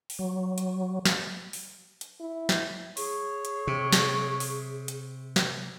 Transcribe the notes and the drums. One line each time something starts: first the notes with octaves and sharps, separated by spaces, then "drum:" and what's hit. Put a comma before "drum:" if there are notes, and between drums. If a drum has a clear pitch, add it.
drum: open hi-hat
F#3
drum: hi-hat
drum: snare
drum: open hi-hat
drum: hi-hat
E4
drum: snare
G#4 C#5, drum: open hi-hat
drum: hi-hat
C3
drum: snare
drum: open hi-hat
drum: hi-hat
drum: snare